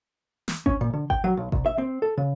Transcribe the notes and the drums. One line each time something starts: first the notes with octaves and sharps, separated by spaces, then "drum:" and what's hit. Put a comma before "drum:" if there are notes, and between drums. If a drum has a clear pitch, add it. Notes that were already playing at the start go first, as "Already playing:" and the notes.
drum: snare
C#4, drum: kick G#1
A#2
D3
G5, drum: kick G#1
F#3
B1
C2, drum: kick G#1
E5
C4
A4
C#3